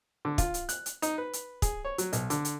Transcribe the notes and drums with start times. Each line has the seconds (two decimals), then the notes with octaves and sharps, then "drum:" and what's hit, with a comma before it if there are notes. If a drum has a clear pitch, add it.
0.25 D3
0.38 F4, drum: kick, hi-hat
0.54 drum: hi-hat
0.69 F#6, drum: hi-hat
0.86 drum: hi-hat
1.02 D#4, drum: hi-hat
1.18 B4
1.33 drum: hi-hat
1.62 G#4, drum: kick, hi-hat
1.85 C#5
1.98 F#3, drum: hi-hat
2.13 B1, drum: hi-hat
2.30 D3, drum: hi-hat
2.45 drum: hi-hat